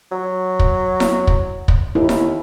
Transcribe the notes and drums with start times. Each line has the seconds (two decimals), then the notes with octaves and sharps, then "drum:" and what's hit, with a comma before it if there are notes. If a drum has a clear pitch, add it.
0.11 F#3
0.59 drum: kick
1.00 drum: snare E4
1.27 drum: kick
1.68 drum: kick
1.95 D#2 E4
2.09 drum: snare E4